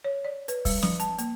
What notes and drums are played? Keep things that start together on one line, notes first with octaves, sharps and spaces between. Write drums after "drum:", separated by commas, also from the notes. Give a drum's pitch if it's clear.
C#5
D5
B4, drum: hi-hat
G3, drum: kick, open hi-hat
F3, drum: snare
A5, drum: hi-hat
A#3, drum: hi-hat